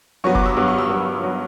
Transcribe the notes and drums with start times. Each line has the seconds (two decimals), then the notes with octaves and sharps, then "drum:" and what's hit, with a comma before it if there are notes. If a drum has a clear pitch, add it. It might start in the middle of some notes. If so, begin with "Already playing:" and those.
0.24 G2 F#3 B3 C#6
0.35 D6, drum: kick F1
0.46 E6
0.57 G2 F#3 B3 D6
0.68 C#6
0.78 E6
0.89 G2 F#3 B3 D6
1.23 F#3 B3